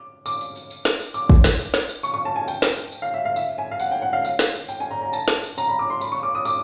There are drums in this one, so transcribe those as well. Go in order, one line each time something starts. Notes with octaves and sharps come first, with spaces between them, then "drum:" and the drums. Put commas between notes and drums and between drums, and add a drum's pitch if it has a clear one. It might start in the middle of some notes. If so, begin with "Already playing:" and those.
Already playing: D6
D6, drum: tambourine
drum: tambourine
drum: tambourine
drum: tambourine
drum: snare
drum: tambourine
D6, drum: tambourine
drum: kick
drum: snare
drum: tambourine
drum: snare
drum: tambourine
C#6, drum: tambourine
C#6
A5
G#5
G5, drum: tambourine
drum: snare
drum: tambourine
drum: tambourine
F5
E5
F5
E5, drum: tambourine
G#5
F5
F#5, drum: tambourine
G5
F#5
F5
F5, drum: tambourine
drum: snare
drum: tambourine
G5, drum: tambourine
G#5
A#5
A#5
A5, drum: tambourine
drum: snare
drum: tambourine
A#5, drum: tambourine
B5
D6
C6
B5, drum: tambourine
C#6
D6
D#6
D6, drum: tambourine